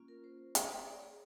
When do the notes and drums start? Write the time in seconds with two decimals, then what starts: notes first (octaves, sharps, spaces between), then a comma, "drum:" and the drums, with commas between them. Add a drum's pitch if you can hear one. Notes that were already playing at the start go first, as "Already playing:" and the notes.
Already playing: A#3 C#4 F4
0.08 A#4
0.24 C5
0.55 drum: hi-hat
0.81 C#5
0.86 D5
1.03 G#4